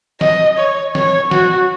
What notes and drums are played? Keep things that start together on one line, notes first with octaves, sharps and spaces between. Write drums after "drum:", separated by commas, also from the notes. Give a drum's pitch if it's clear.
D#5, drum: snare
C#5
C#5, drum: snare
F#4, drum: snare